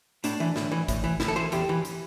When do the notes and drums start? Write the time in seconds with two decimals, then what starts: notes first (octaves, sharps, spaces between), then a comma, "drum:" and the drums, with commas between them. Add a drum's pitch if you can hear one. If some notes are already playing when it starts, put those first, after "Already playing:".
0.24 A2 D4, drum: hi-hat
0.40 E3
0.56 A2, drum: snare
0.72 E3
0.88 A2, drum: kick, hi-hat
1.04 E3
1.20 A2 E4, drum: snare
1.28 A4
1.36 E3 C5
1.52 E2 G4, drum: hi-hat
1.69 E3
1.85 drum: hi-hat